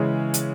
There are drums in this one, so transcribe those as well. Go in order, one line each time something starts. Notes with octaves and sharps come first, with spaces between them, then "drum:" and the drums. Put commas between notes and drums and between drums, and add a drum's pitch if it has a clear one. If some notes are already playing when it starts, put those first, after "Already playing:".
Already playing: C#3 E3 G#3 C#4
drum: hi-hat